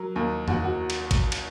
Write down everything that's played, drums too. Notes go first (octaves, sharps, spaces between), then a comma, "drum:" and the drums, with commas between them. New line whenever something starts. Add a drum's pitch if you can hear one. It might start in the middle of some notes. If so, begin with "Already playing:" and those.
Already playing: F#3 A#4 A#5
D#2 A#4 A#5
D#2 F#4 F#5, drum: tom F2
F#4 F#5
drum: cymbal
drum: kick, cymbal
drum: cymbal